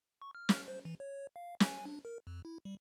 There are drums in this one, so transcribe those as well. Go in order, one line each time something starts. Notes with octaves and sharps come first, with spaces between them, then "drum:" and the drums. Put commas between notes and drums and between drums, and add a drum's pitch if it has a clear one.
C#6
F6
drum: snare
C5
E3
C#5
F5
G#5, drum: snare
D4
A#4
F2
E4
G3